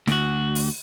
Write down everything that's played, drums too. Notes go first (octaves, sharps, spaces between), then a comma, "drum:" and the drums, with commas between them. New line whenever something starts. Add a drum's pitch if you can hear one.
D2 F#4, drum: snare
drum: open hi-hat